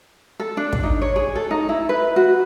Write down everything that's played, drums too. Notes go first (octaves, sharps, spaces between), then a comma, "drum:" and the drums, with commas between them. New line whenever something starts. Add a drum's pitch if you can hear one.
A4
D4
drum: kick
D#4
C#5
G#4
A4
D#4
E4
B4
F#4